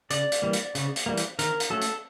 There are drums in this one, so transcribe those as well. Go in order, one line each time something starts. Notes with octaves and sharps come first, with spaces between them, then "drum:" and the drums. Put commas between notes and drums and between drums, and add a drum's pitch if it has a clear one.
C#3 D5, drum: hi-hat
drum: hi-hat
E3 G3 A#3
drum: hi-hat
C#3, drum: hi-hat
drum: hi-hat
E3 G3 A#3
drum: hi-hat
D#3 A#4, drum: hi-hat
drum: hi-hat
F#3 A3 C#4 A4
drum: hi-hat